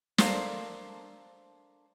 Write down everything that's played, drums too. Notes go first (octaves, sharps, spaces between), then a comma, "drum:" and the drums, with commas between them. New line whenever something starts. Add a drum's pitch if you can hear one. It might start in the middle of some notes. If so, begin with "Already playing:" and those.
D4 A4 A#4 C5 D5 F5, drum: snare